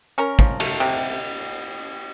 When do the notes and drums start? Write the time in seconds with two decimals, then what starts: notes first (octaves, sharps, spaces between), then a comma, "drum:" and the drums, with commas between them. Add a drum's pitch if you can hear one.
0.18 C#4 A#4
0.39 F3, drum: kick
0.60 A3, drum: cymbal
0.80 C3